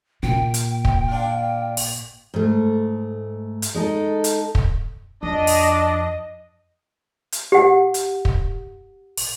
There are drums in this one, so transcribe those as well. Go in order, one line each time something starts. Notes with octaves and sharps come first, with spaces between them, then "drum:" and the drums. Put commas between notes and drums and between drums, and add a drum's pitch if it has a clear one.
A#2 G5
drum: hi-hat
drum: kick
D4 F4
drum: open hi-hat
G#2 A3
drum: hi-hat
G#3 D#4 A4
drum: hi-hat
drum: kick
F2 D4 D#5
drum: open hi-hat
drum: hi-hat
G4 F#5
drum: hi-hat
drum: kick
drum: open hi-hat